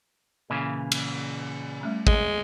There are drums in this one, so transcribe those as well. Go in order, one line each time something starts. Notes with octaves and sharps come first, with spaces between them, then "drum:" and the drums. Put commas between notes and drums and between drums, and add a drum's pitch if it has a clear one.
A#2 C#3 E3
drum: cymbal
G3 A3 C#4
G#3, drum: kick